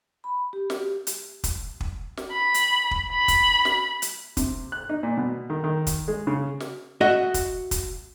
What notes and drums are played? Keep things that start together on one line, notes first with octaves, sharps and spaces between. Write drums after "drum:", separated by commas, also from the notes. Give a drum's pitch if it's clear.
B5
G4
drum: snare
drum: hi-hat
drum: kick, hi-hat
drum: kick
drum: snare
B5
drum: hi-hat
drum: kick
B5
drum: kick, hi-hat
drum: snare
drum: hi-hat
C3, drum: kick, hi-hat
F#6
D#4
A#2
B2
D#3
D#3
drum: kick, hi-hat
G#3
C#3
drum: snare
F#4 D#5 E5
drum: kick, hi-hat
drum: kick, hi-hat